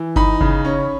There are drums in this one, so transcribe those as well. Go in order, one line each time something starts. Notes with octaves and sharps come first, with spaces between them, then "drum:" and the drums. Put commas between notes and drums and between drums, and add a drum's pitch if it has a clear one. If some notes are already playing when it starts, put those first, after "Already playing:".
Already playing: E3
D#4 B5, drum: kick G1
C#3, drum: kick G1
C#4